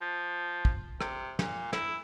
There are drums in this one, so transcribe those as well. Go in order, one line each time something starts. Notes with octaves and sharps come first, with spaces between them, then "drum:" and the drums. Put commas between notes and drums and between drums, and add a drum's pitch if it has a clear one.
F3
drum: kick
C3, drum: rim click
A#2, drum: snare
E4, drum: snare